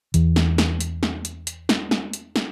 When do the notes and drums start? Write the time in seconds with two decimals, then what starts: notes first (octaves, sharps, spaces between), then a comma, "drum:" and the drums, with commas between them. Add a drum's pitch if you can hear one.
0.14 E2 E3, drum: hi-hat
0.36 drum: snare
0.58 drum: snare
0.81 drum: hi-hat
1.03 drum: snare
1.25 drum: hi-hat
1.47 drum: hi-hat
1.69 drum: snare
1.91 drum: snare
2.13 drum: hi-hat
2.36 drum: snare